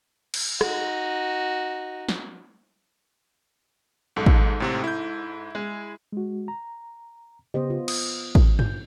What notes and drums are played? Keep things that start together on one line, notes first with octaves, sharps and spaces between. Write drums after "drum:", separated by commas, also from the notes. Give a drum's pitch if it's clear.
drum: cymbal
D#4 F#4, drum: rim click
drum: snare
B1 G#2 A4
drum: kick
A2 C3 C4
E4 G6
G#3
G#3 F#4
A#5
C#3 B3 G4 C5 D#5
F4
D#6, drum: cymbal
drum: kick
G6, drum: tom G2